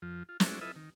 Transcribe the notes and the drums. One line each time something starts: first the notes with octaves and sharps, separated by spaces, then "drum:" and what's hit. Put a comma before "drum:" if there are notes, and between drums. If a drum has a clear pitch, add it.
F2 F3
F4
F#3 G#3 A3 C#4 D4 E4, drum: snare
E4 F4 A4 B4 D#5 E5
D#3